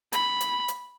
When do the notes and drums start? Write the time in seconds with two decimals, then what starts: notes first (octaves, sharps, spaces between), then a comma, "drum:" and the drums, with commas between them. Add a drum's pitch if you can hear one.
0.12 B5, drum: hi-hat
0.40 drum: hi-hat
0.68 drum: hi-hat